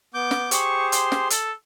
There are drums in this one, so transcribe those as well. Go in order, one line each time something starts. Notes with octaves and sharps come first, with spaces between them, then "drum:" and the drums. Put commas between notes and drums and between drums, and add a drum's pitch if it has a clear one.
B3 D6 G6
drum: snare
G4 G#4 C5 C#6, drum: hi-hat
C6, drum: hi-hat
drum: snare
A4, drum: hi-hat